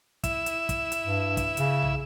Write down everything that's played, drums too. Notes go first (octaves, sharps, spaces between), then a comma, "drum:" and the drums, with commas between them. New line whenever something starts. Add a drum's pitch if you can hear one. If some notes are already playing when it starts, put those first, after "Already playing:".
E4 E5, drum: kick, hi-hat
drum: hi-hat
drum: kick, hi-hat
drum: hi-hat
G2
drum: kick, hi-hat
C#3, drum: hi-hat
drum: tom A#1